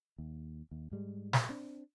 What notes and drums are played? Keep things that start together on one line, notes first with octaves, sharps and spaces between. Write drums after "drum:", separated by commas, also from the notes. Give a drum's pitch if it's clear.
D#2
D#2
G#2 G3 G#3
drum: snare
C4 D4